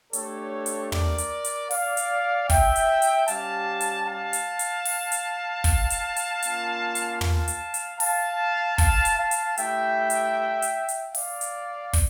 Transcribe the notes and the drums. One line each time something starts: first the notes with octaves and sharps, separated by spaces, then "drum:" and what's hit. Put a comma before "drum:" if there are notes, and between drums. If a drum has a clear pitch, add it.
A3 D4 G4 A4 C#5, drum: hi-hat
drum: hi-hat
A#4 D5, drum: tom
drum: hi-hat
drum: hi-hat
D5 F5, drum: open hi-hat
drum: hi-hat
E5 G5, drum: kick, open hi-hat
drum: hi-hat
drum: hi-hat
G3 C#4 G4 F5 A5, drum: hi-hat
drum: hi-hat
F5 A5
drum: hi-hat
drum: hi-hat
drum: open hi-hat
drum: hi-hat
drum: kick, open hi-hat
drum: hi-hat
drum: hi-hat
A#3 C#4 F4, drum: hi-hat
drum: hi-hat
F5 A5, drum: tom
drum: hi-hat
drum: hi-hat
F5 A5, drum: open hi-hat
F5 A5, drum: kick, open hi-hat
drum: hi-hat
F5 A5
drum: hi-hat
A3 E4 G4 E5 G5, drum: hi-hat
drum: hi-hat
drum: hi-hat
drum: hi-hat
D5 F5, drum: open hi-hat
drum: hi-hat
drum: kick, open hi-hat